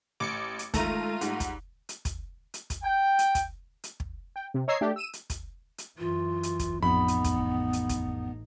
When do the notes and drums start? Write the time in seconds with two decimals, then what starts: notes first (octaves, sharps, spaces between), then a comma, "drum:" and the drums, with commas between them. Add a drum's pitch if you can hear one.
0.20 A1 D6 C#7
0.59 drum: hi-hat
0.74 D#3 G#3 A3 F4 A#5 D#7, drum: kick, hi-hat
1.21 G#2 G3 F#5, drum: hi-hat
1.40 drum: kick, hi-hat
1.89 drum: hi-hat
2.05 drum: kick, hi-hat
2.54 drum: hi-hat
2.70 drum: kick, hi-hat
2.83 G5
3.19 drum: hi-hat
3.35 drum: kick, hi-hat
3.84 drum: hi-hat
4.00 drum: kick
4.36 G5
4.54 C3
4.68 C#5 D#5 A#5 E6 G#6 C7
4.81 A3 D4 G4
4.96 E6 D#7 E7
5.13 drum: hi-hat
5.30 drum: kick, hi-hat
5.78 drum: hi-hat
5.99 F#2 E3 F4
6.43 drum: hi-hat
6.59 drum: kick, hi-hat
6.83 A1 F2 B3 D#4 B5
7.08 drum: hi-hat
7.24 drum: kick, hi-hat
7.73 drum: hi-hat
7.89 drum: kick, hi-hat